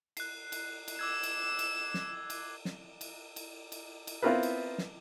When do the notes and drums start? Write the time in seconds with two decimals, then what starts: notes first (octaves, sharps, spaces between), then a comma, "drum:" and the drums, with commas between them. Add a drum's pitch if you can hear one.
0.17 F#6 C7, drum: cymbal
0.52 drum: cymbal
0.88 drum: cymbal
0.99 D6 E6 G#6 E7
1.23 drum: cymbal
1.59 drum: cymbal
1.94 drum: snare
2.30 drum: cymbal
2.65 drum: snare
3.01 drum: cymbal
3.36 drum: cymbal
3.72 drum: cymbal
4.07 drum: cymbal
4.22 B3 C4 E4 F4 A#4 B4
4.43 drum: cymbal
4.78 drum: snare